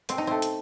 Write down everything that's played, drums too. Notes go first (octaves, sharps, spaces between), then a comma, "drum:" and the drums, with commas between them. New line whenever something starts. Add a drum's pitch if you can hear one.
B2 C4, drum: hi-hat
D#4
A3 C4
drum: hi-hat